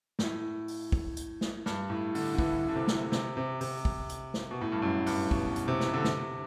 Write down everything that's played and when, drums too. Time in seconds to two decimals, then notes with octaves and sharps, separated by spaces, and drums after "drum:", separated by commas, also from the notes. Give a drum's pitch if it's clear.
0.19 A2, drum: snare
0.68 drum: open hi-hat
0.92 drum: kick
1.17 drum: hi-hat
1.41 drum: snare
1.66 G2, drum: snare
1.90 A2
2.15 D3, drum: open hi-hat
2.35 D3
2.38 E3, drum: kick
2.68 D3
2.76 C3
2.88 drum: snare
3.12 C3, drum: snare
3.37 C3
3.61 C3, drum: open hi-hat
3.85 drum: kick
4.09 drum: hi-hat
4.34 drum: snare
4.51 B2
4.61 A2
4.72 G2
4.82 F#2
5.06 G2, drum: open hi-hat
5.31 B2, drum: kick
5.56 drum: hi-hat
5.68 C3
5.80 drum: snare
5.93 D3
6.04 C3, drum: snare